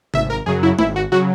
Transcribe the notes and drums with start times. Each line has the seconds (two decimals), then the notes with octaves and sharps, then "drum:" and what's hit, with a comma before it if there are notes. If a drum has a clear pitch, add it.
0.14 G#1 E5, drum: tom C3
0.30 A#4
0.46 F#2 C#3 F#3 G#4
0.63 E4
0.79 G#1 E4, drum: tom G#3
0.96 F#4
1.12 C#3 F#3 F#4